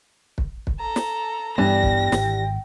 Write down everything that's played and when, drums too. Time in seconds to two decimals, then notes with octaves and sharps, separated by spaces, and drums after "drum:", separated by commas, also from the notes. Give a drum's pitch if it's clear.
0.38 drum: kick
0.67 drum: kick
0.80 A4 A#5
0.96 drum: snare
1.58 G2 E3 G3 B3 D4 G5 A#6
1.83 drum: kick
2.12 G#1, drum: snare